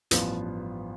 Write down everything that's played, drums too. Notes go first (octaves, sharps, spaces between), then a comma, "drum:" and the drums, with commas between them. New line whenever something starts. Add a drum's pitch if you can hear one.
A1 G2 F3 B3 F4, drum: hi-hat